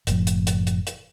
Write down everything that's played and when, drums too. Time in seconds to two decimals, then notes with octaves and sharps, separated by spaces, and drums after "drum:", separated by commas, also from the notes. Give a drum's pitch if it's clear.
0.07 F#1 A2 F3, drum: hi-hat
0.27 drum: hi-hat
0.47 drum: hi-hat
0.67 drum: hi-hat
0.87 drum: hi-hat